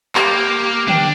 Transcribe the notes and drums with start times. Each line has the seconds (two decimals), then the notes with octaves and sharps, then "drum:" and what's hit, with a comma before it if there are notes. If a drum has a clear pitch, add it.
0.15 A#3 G4, drum: clap
0.88 D4 G5, drum: tom D3